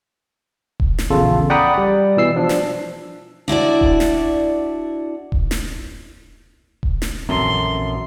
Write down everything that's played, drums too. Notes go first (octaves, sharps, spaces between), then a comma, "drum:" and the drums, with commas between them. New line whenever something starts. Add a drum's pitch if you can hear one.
drum: kick D#1
drum: snare
A#1 E2 C#3 F4 A4
D5 F#5 G5 A#5 B5 D#6
G3 D5
B2 E3 E6 C7
F3 D4
drum: snare
D4 E4 F#4 D5
drum: kick D#1
drum: snare
drum: kick D#1
drum: snare
drum: kick D#1
drum: snare
A#1 F#2 E3 C4 A4 A#5 C6